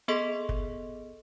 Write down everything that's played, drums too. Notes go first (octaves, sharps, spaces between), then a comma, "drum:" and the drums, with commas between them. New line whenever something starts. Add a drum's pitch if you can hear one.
B3 G#4 A4 D#5 C6 B6
drum: kick